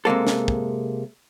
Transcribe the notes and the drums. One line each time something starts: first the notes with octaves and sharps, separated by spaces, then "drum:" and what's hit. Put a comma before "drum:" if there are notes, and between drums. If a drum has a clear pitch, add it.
C3 G#3 A#3 A4
drum: snare
drum: kick